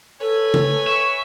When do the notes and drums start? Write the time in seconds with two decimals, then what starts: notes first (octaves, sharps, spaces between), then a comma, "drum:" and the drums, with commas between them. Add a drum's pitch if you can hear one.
0.21 A4 B4 C#5 G#5
0.54 drum: tom
0.87 E5 C#6